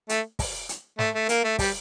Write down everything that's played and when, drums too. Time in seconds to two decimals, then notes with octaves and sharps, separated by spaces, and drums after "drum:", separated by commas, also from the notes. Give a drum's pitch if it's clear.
0.09 A3, drum: hi-hat
0.39 drum: kick, open hi-hat
0.69 drum: hi-hat
0.99 A3, drum: snare
1.15 A3
1.29 A#3, drum: hi-hat
1.44 A3
1.59 G3, drum: kick, open hi-hat